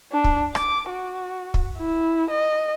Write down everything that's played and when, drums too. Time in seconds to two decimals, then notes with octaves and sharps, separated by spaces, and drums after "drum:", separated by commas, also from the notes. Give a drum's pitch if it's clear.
0.12 D4
0.24 drum: kick
0.55 D6, drum: rim click
0.89 F#4
1.54 drum: kick
1.78 E4
2.30 D#5